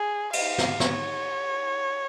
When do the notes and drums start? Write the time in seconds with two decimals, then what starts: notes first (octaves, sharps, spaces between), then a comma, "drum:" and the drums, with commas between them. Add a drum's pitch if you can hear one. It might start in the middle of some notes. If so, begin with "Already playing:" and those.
Already playing: G#4
0.33 F5, drum: cymbal
0.58 drum: snare
0.80 C#5, drum: snare